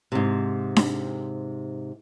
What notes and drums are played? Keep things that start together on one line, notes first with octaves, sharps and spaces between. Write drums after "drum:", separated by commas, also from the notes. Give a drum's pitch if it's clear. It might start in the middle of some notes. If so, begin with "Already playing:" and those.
G#2 C3
drum: snare D4